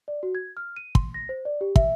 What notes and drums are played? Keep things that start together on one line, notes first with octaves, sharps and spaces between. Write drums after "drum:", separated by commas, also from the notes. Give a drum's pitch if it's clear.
D5
F#4
G#6
F6
D#7
C6, drum: kick
A#6
C5
D5
G4
E5, drum: kick